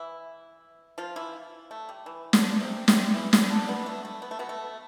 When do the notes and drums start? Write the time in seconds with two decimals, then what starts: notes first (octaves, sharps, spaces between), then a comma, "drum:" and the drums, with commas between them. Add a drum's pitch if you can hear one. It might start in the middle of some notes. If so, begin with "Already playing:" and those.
Already playing: E3 E4
0.98 F3 F4
1.16 E3 E4
1.71 A3
1.89 G3
2.06 E3
2.33 D3 D4, drum: snare
2.60 C3 C4
2.88 C3 C4, drum: snare
3.14 E3 E4
3.33 E3 E4, drum: snare
3.50 D3 D4
3.68 B2 B3
3.86 A3
4.05 A3
4.22 B3
4.31 A3
4.39 B2 B3
4.49 A3